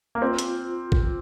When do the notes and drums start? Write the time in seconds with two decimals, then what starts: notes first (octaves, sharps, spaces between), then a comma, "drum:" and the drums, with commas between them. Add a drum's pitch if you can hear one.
0.15 A#3
0.21 C4 F4
0.39 drum: hi-hat
0.65 C5
0.92 drum: kick